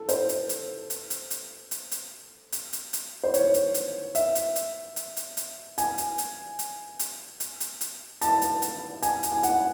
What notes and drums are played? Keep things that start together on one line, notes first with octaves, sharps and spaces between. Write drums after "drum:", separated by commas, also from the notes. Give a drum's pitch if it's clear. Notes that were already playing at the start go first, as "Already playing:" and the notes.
Already playing: A4
C5, drum: hi-hat
drum: hi-hat
drum: hi-hat
drum: hi-hat
drum: hi-hat
drum: hi-hat
drum: hi-hat
drum: hi-hat
drum: hi-hat
drum: hi-hat
drum: hi-hat
C5
C#5, drum: hi-hat
drum: hi-hat
drum: hi-hat
E5, drum: hi-hat
drum: hi-hat
drum: hi-hat
drum: hi-hat
drum: hi-hat
drum: hi-hat
G#5, drum: hi-hat
drum: hi-hat
drum: hi-hat
drum: hi-hat
drum: hi-hat
drum: hi-hat
drum: hi-hat
drum: hi-hat
A5, drum: hi-hat
drum: hi-hat
drum: hi-hat
G#5, drum: hi-hat
drum: hi-hat
G#5
F#5, drum: hi-hat